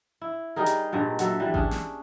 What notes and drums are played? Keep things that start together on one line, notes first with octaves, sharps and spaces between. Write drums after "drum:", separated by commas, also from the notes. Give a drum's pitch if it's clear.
E4
G3 D#4 G#4 A#4
drum: hi-hat
G2 A#2 G#3
F#3 A4 E5, drum: hi-hat
E3 G3 D4
C#4 D4 G#4, drum: kick A1
drum: snare